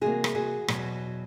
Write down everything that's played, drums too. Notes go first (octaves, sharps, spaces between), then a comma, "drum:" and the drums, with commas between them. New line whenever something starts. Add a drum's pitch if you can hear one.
C3 E3 G3 A#3 F#4 G#4
drum: rim click
F#4 G#4
E2 B2 F#3, drum: rim click